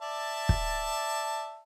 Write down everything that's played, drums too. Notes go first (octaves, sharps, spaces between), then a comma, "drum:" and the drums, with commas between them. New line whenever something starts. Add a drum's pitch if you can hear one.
D5 E5 A5
drum: kick